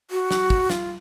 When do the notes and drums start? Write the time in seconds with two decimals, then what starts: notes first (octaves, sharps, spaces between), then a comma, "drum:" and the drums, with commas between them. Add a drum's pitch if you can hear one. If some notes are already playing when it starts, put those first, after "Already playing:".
0.11 F#4
0.31 drum: snare
0.50 drum: kick
0.70 F4, drum: snare